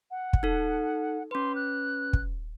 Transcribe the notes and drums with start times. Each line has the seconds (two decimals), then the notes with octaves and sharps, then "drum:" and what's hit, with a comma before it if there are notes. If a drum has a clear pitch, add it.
0.11 F#5
0.33 drum: kick
0.43 D#4 A4
1.31 C#4 B4 C6
1.55 F#6
2.13 drum: kick